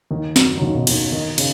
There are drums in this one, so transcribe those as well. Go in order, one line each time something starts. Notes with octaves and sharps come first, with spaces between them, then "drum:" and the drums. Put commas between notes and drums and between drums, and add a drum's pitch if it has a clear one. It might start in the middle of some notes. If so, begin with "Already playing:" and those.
D#2 D#3
F#2 F#3, drum: snare
F#3
D#2 D#3
B1 B2
D#2 D#3, drum: cymbal
D#3 D#4
C#3 C#4, drum: cymbal